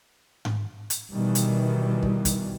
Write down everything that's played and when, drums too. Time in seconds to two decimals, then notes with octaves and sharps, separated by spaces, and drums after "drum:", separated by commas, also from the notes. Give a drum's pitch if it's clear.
0.45 drum: tom G#2
0.90 drum: hi-hat
1.12 B2 D#3 E3 G3
1.35 drum: hi-hat
2.03 drum: kick
2.25 drum: kick, hi-hat